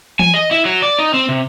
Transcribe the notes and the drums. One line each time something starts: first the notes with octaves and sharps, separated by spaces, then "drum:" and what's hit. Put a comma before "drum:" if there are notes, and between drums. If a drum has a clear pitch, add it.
G#5, drum: tom E3
D#5
E4
F#3
D5
D#4
C4
C3